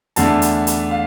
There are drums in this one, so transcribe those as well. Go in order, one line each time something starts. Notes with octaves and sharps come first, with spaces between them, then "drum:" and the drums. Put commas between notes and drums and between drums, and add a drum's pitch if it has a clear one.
E2 D3 A3 D4 A5, drum: hi-hat
drum: hi-hat
drum: hi-hat
F5